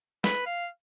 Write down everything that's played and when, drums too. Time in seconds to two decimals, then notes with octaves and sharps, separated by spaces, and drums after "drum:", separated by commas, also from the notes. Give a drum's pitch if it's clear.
0.24 B4, drum: snare
0.46 F5